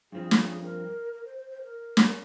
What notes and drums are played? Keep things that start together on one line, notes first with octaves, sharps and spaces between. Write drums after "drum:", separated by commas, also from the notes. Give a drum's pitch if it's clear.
G2 F3 C4 G#4
drum: snare
A#4
A#4
C5
C5
C5
A#4
drum: snare